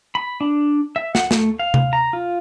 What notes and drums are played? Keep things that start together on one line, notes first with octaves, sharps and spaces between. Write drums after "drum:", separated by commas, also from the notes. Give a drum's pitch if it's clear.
B5
D4
E5
F#5, drum: snare
A3, drum: snare
F5
drum: tom C3
A#5
F4